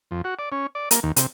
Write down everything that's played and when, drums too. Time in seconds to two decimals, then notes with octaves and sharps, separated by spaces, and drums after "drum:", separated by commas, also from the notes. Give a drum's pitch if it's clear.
0.11 F2
0.24 F#4
0.39 D5
0.52 C#4
0.75 D5
0.91 A#3, drum: hi-hat
1.03 D#2
1.16 C3, drum: hi-hat